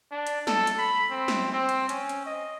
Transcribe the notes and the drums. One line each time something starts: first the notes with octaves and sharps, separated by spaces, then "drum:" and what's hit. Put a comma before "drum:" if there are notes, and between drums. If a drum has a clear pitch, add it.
D4
drum: hi-hat
A4, drum: snare
drum: hi-hat
B5
C4
drum: snare
C4
drum: hi-hat
C#4, drum: hi-hat
drum: hi-hat
D#5